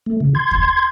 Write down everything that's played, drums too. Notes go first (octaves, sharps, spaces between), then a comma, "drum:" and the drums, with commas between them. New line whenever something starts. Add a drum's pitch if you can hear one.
A3
C#3
C6 G#6
drum: kick D#2